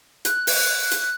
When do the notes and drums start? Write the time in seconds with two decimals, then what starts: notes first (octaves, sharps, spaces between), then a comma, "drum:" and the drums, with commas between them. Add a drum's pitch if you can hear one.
0.25 F#6, drum: hi-hat
0.47 drum: open hi-hat
0.91 drum: hi-hat